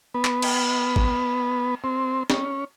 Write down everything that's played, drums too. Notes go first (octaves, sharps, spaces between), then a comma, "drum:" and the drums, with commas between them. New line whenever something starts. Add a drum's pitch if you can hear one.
B3
drum: clap
drum: cymbal
drum: kick
C4
C#4, drum: snare